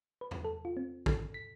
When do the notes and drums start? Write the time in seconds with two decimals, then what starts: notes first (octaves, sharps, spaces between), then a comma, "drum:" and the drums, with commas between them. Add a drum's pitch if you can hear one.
0.21 B4
0.31 drum: tom E2
0.45 A4
0.65 F4
0.77 C4
1.06 A4, drum: kick
1.34 B6